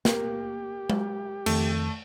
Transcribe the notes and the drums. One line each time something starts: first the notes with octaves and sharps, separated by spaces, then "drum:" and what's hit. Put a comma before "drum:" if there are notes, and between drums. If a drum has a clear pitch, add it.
A#3 G4, drum: snare
drum: tom G#3
F2 D#3 A3, drum: cymbal